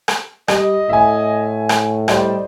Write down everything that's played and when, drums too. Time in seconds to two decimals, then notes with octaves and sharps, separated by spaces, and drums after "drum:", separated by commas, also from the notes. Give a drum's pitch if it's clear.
0.08 drum: rim click
0.48 G3 D#5, drum: rim click
0.89 A2 E5 G#5
1.69 drum: rim click
2.08 G3 C5 D5 D#5, drum: rim click